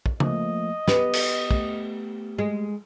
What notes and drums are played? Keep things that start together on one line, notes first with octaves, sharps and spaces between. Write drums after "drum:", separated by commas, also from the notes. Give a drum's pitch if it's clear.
drum: kick
F3 A3 A#3 D#5, drum: tom C#3
B3 G4, drum: snare
drum: cymbal
A3 G4, drum: kick
G#3